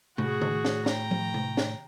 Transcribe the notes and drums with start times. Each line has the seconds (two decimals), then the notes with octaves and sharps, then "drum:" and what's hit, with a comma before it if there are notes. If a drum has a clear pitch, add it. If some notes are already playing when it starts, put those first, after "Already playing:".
0.18 A2 F#4 G#4, drum: tom C3
0.41 drum: tom C#3
0.65 drum: snare
0.86 G5 A#5, drum: snare
1.11 drum: tom F3
1.34 drum: tom C3
1.57 drum: snare